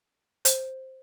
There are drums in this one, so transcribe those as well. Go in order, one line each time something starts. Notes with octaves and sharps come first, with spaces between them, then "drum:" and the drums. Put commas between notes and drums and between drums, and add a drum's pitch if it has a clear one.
C5, drum: hi-hat